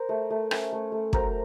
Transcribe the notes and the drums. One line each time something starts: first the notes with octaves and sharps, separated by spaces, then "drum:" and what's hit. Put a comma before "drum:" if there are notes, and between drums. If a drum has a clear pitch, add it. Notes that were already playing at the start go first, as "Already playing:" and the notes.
Already playing: A#4 C5
A3
A3
C#4, drum: rim click
A3
A3
F#3 A#4 C5, drum: kick